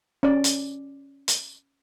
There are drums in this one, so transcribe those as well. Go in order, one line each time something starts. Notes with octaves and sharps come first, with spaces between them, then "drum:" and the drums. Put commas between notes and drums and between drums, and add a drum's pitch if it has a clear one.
C#4 D5
drum: hi-hat
drum: hi-hat